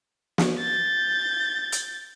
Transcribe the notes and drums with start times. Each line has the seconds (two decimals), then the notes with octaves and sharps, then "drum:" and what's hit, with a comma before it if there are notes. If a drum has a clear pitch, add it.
0.38 drum: snare
0.60 G6 A6
1.72 drum: hi-hat